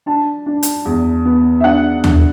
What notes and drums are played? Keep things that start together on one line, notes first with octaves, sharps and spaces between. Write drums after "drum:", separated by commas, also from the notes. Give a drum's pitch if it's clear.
D4 A5
D4
drum: hi-hat
E2
B3
E5
D4 F#5
D4, drum: tom D#2